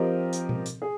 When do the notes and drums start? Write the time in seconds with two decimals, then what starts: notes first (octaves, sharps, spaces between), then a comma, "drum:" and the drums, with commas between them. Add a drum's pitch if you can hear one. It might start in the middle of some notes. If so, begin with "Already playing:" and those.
Already playing: F3 C4 G4 A#4 D#5
0.33 drum: hi-hat
0.49 drum: tom B2
0.66 drum: hi-hat
0.82 G#4